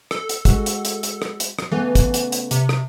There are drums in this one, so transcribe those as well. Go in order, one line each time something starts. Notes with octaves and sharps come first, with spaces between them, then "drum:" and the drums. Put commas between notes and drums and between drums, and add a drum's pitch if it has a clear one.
A4, drum: rim click
drum: hi-hat
G#3 F#4, drum: kick, hi-hat
drum: hi-hat
drum: hi-hat
drum: hi-hat
drum: rim click
drum: hi-hat
drum: rim click
C#3 E3 A3 B3
drum: kick, hi-hat
drum: hi-hat
drum: hi-hat
C3, drum: hi-hat
drum: rim click